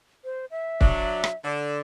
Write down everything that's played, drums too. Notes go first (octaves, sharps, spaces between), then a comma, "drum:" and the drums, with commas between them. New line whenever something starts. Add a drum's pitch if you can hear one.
C5
E5
F#3 D4, drum: kick
drum: rim click
D3